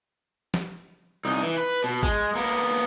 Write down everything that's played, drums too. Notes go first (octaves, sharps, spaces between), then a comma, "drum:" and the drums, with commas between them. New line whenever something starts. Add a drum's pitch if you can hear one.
drum: snare
C2 D#4
E3
B4
B2
G#3, drum: kick G#1
A#3 B3